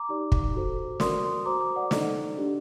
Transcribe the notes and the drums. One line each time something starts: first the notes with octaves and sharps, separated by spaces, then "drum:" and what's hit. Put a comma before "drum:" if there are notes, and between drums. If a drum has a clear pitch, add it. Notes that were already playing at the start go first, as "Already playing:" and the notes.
Already playing: A#5 D6
D#4 G4 D5
drum: kick
F#4 A4 C5
F#4 A#4 D5 C6 D#6, drum: snare
F#4 C5 A#5 D6
A#5 D6
D5 F#5
D#4 A4 D5 D#5, drum: snare
D4 G4 D5